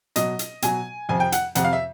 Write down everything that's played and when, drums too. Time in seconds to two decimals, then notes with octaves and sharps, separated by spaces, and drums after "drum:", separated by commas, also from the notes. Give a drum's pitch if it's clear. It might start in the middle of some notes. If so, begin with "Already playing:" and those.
0.16 B2 F#3 D#5, drum: hi-hat
0.39 drum: hi-hat
0.62 B2 F#3 G#5, drum: hi-hat
1.09 F2 C3 F3 G#5
1.20 G5
1.32 F#5, drum: hi-hat
1.55 F2 C3 F3 F#5, drum: hi-hat
1.64 F5
1.73 E5